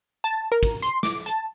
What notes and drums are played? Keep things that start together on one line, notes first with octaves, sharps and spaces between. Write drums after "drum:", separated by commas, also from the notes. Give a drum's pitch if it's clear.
A5
A#4
drum: kick, hi-hat
C6, drum: hi-hat
D6, drum: snare
A5, drum: hi-hat